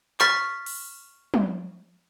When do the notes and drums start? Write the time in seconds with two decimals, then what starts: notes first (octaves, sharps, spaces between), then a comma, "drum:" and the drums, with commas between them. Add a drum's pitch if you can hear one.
0.20 C#6 F6 A6 B6, drum: clap
0.66 drum: open hi-hat
1.34 drum: tom